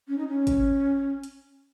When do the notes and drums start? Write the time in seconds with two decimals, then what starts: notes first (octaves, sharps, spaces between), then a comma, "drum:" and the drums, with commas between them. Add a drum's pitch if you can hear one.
0.08 C#4
0.18 D#4
0.28 C#4
0.47 drum: kick G#1, hi-hat
1.23 drum: hi-hat